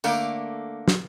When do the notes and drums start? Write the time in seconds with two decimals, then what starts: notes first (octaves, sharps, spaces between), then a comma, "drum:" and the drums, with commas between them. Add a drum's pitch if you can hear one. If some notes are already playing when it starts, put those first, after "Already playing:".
0.04 D3 A3 A#3 F5, drum: tambourine
0.88 drum: snare